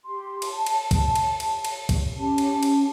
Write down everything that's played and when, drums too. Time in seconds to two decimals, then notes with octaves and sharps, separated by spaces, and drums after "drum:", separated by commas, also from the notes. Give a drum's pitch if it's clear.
0.04 G4 C6
0.42 A5, drum: cymbal
0.66 drum: cymbal
0.91 drum: kick, cymbal
1.15 drum: cymbal
1.40 drum: cymbal
1.65 drum: cymbal
1.89 drum: kick, cymbal
2.17 C#4 G4 A5
2.38 drum: cymbal
2.63 drum: cymbal